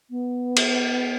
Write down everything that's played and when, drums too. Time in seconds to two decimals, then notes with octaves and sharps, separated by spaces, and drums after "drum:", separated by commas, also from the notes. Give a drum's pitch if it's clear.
0.10 B3
0.57 drum: cymbal